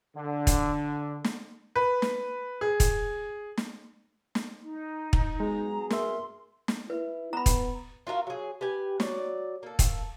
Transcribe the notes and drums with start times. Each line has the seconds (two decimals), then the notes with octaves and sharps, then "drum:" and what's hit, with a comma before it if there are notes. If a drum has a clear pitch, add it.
0.15 D3
0.47 drum: kick, hi-hat
1.24 drum: snare
1.75 B4
2.02 drum: snare
2.61 G#4
2.80 drum: kick, hi-hat
3.57 drum: snare
4.35 drum: snare
4.63 D#4
5.13 drum: kick
5.40 F#3 G#3 B3 G#4 A#5
5.90 A#4 E5 C6, drum: snare
6.68 drum: snare
6.90 E4 B4
7.33 B3 A#5 B5
7.46 drum: kick, hi-hat
8.07 F4 F#4 A#4 F5
8.27 F#3 G#4
8.61 G4 B4 G#5
9.00 F#3 D5, drum: snare
9.63 A#3 A4
9.79 drum: kick, hi-hat